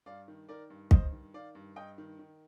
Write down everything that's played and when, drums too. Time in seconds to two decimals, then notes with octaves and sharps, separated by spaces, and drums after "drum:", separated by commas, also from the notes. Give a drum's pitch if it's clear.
0.06 G2 D5 F5
0.28 D#3
0.49 D#3 A#4 D5
0.70 G2
0.91 G2 C5 D#5, drum: kick
1.12 D#3
1.34 D#3 D5 F5
1.55 G2
1.76 G2 D#5 G5
1.98 D#3
2.19 D#3